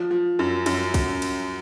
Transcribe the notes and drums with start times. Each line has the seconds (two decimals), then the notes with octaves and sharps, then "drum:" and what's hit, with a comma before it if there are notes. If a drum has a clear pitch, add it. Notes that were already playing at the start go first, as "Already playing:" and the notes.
Already playing: F3
0.11 F3
0.39 F#2
0.66 F#2, drum: cymbal
0.94 drum: kick, cymbal
1.22 drum: cymbal